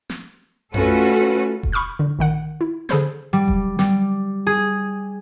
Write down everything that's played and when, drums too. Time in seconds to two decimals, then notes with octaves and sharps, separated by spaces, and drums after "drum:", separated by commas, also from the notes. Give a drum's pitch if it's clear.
0.10 drum: snare
0.74 A3 C#4 F4 F#4 A4 B4, drum: tom F2
1.63 drum: kick E1
1.72 B5 C#6 D#6 F6 G6
1.99 D3
2.19 A#1 D#3 F#5
2.61 E4
2.89 D3 G#4 A4 C5 B5 G6, drum: snare
3.33 G3
3.48 drum: kick E1
3.79 G3, drum: snare
4.47 G#4